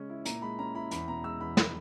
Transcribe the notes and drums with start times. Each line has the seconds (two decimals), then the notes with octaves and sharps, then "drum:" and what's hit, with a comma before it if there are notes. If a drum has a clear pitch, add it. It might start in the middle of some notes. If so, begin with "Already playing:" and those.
Already playing: C#3 G#3 C#4
0.10 E4
0.25 A#2 A#5, drum: hi-hat
0.42 G#3 B5
0.59 C#4 A#5
0.75 E4 B5
0.91 E2 B5, drum: hi-hat
1.08 B2 A#5
1.24 G#3 E6
1.40 E2 B5
1.57 drum: snare